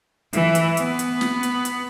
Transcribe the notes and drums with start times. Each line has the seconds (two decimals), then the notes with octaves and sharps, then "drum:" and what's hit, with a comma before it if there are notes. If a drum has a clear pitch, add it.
0.33 E3, drum: hi-hat
0.55 drum: hi-hat
0.77 B3, drum: hi-hat
0.99 drum: hi-hat
1.21 drum: snare
1.43 drum: hi-hat
1.65 drum: hi-hat